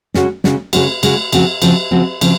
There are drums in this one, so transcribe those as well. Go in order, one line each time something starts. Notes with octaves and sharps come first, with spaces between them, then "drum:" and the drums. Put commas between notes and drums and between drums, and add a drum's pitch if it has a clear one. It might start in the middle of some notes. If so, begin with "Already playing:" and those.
C#3 G#3 C#4 F#4, drum: snare
C#3 G#3 C#4 F#4, drum: snare
C#3 G#3 C#4 F#4, drum: cymbal
C#3 G#3 C#4 F#4, drum: cymbal
C#3 F3 C4 F#4, drum: cymbal
C#3 F3 C4 F#4, drum: cymbal
C#3 F3 C4 F#4
C#3 F3 C4, drum: cymbal